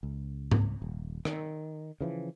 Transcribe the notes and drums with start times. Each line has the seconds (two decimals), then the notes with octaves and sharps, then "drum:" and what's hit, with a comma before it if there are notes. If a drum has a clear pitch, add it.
0.03 C#2
0.51 drum: tom G#2
0.82 D#1
1.25 D#3, drum: rim click
2.01 C#3 E3 F3